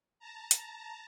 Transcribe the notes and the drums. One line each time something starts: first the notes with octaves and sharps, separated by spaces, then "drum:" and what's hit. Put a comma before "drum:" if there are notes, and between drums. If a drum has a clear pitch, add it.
A5 A#5
drum: hi-hat